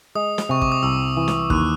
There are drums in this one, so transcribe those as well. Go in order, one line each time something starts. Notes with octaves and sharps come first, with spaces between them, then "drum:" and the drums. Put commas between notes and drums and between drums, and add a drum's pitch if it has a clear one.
G#3 D#6
drum: snare
C3 C#6
D6, drum: kick
D#6
C2 E6
E3
drum: snare
D#2 F#6, drum: kick